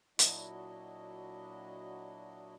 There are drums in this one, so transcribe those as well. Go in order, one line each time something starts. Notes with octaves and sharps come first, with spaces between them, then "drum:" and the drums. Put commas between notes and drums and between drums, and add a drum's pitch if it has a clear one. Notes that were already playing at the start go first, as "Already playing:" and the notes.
A#2 F#3 D4 E4 F#4 D#5, drum: hi-hat